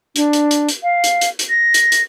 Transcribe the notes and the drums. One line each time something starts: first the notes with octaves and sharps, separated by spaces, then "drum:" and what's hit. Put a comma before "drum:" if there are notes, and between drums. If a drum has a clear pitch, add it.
D4, drum: hi-hat
drum: hi-hat
drum: hi-hat
drum: hi-hat
F5
drum: hi-hat
drum: hi-hat
drum: hi-hat
A#6
drum: hi-hat
drum: hi-hat